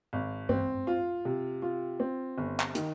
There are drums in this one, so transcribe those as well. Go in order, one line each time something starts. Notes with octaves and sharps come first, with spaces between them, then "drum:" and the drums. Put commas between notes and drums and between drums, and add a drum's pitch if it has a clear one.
G#1
C4, drum: tom G2
F4
C3
F4
C4
G1
drum: clap
D#3, drum: hi-hat